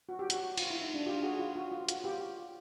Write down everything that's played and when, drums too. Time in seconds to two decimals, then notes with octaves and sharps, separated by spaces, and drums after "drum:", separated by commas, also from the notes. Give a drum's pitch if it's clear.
0.09 F#4
0.19 G4
0.30 F#4, drum: hi-hat
0.57 F4, drum: cymbal
0.70 E4
0.82 D#4
0.94 D4
1.06 F4 G4
1.23 F#4 G#4
1.39 F4
1.56 F#4
1.72 F4
1.89 F#4, drum: hi-hat
2.04 F4 G4